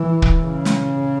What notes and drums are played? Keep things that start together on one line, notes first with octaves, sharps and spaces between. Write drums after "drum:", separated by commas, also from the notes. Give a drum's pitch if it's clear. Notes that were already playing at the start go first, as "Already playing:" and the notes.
Already playing: E3
drum: kick
C#3
drum: snare